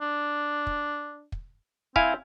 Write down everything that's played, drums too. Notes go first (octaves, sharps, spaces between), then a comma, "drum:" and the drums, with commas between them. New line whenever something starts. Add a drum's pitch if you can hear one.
D4
drum: kick
drum: kick
C4 E4 F5 G#5, drum: kick